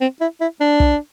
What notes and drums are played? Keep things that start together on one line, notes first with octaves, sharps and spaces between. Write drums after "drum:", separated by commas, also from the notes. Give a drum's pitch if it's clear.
C4
E4
E4
D4
drum: kick